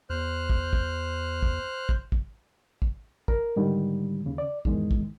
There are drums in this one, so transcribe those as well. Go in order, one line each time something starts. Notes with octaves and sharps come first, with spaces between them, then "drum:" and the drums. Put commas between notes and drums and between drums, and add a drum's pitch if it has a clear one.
E2 C5 F6 F#6
drum: kick
drum: kick
drum: kick
drum: kick
drum: kick
drum: kick
A#4, drum: kick
G#2 D3 D#3 G3
D#2 C#3
D5
E2 G#2 D#3 G#3, drum: kick
drum: kick